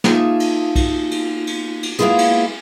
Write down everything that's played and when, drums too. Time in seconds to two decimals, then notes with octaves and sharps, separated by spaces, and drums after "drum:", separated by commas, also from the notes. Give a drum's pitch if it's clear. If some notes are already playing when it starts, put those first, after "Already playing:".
0.04 A#3 D#4 F4 G#4 E5 A5, drum: snare
0.40 drum: cymbal
0.76 drum: kick B1, cymbal
1.11 drum: cymbal
1.47 drum: cymbal
1.83 drum: cymbal
1.99 G#3 A#3 B3 E4 F4 G#4
2.18 drum: cymbal